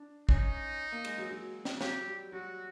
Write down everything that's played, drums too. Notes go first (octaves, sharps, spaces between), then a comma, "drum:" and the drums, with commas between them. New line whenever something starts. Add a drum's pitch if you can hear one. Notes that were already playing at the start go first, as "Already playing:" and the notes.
Already playing: D4
C#4 D#4, drum: kick
A#3
G#3, drum: cymbal
F#3
F#3
drum: snare
F#3 G4, drum: snare
G3
F#3 F#4